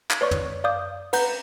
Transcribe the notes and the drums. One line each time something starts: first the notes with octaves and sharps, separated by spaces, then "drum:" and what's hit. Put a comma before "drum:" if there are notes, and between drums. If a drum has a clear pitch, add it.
drum: clap
B4 C#5 D5 C#6
drum: tom
D5 F5 D6 D#6 G6
B4 F#5 A#5 G6, drum: cymbal